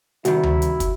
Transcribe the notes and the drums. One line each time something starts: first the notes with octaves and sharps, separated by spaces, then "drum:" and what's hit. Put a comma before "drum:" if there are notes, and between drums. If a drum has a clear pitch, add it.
C2 D#3 E4 F#4, drum: hi-hat
drum: tom D2
drum: hi-hat
drum: kick, hi-hat